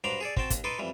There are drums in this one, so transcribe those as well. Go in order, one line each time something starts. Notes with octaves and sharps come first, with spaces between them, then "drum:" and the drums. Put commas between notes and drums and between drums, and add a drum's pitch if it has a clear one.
G2 F#3 C5 A#5 B5 D6
G#4 A4 D5
C4 F#4 C5 G5 A5, drum: kick
D#2, drum: kick, hi-hat
D#4 A4 B4 D#5 C6 D6
F2 E3 G3